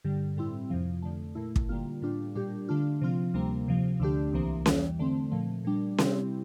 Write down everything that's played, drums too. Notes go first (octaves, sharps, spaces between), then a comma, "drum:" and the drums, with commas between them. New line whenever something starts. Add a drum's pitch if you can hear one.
G2 D3 G3
A2 G3 C4 E4
F2 C3 F3
F2 D3 A3
A#2 A3 E4
drum: kick
D3 G3 A#3 F4
A2 G3 D4 F4
A#2 G3 D4 G4
D3 A3 D4 F4
C3 F3 C4 F4
D2 C3 G3 A#3
F2 C3 F3
D2 D3 A3 D4 G4
C2 C3 E3 A#3
E2 E3 G3, drum: snare C#4
D3 A3 C4
A#2 F3 A3
A#2 G3 D4
C3 G3 C4 E4 G4, drum: snare C#4